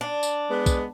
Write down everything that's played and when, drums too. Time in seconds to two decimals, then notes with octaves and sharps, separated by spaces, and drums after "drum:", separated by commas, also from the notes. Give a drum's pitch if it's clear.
0.01 D4
0.23 drum: tambourine
0.49 G#3 B3
0.66 drum: kick, tambourine